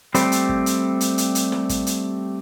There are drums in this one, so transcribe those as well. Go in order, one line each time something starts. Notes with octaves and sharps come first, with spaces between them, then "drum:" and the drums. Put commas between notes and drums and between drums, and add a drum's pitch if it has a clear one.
G3 A3 C4, drum: hi-hat
drum: hi-hat
drum: kick
drum: hi-hat
drum: hi-hat
drum: hi-hat
drum: hi-hat
drum: snare
drum: kick, hi-hat
drum: hi-hat